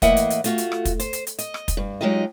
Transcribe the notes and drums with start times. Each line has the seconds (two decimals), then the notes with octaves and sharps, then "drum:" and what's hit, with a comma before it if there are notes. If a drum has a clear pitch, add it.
0.02 A2 E3 A#3 D#5 E5 F#5, drum: kick, hi-hat
0.17 drum: hi-hat
0.30 drum: hi-hat
0.44 A3 F4 F#4, drum: hi-hat
0.58 drum: hi-hat
0.72 drum: rim click
0.85 drum: kick, hi-hat
1.00 C5, drum: hi-hat
1.13 drum: hi-hat
1.27 drum: hi-hat
1.39 D#5, drum: hi-hat
1.54 drum: rim click
1.68 drum: kick, hi-hat
1.77 G2
2.01 F#3 G#3 D#4 F4 G4 D#5